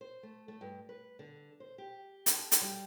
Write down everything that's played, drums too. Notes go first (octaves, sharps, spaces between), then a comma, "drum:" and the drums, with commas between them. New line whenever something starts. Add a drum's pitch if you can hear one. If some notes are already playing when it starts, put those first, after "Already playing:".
C5
A3
A3
G2
B4
D3
C5
G4
A4, drum: hi-hat
drum: hi-hat
G3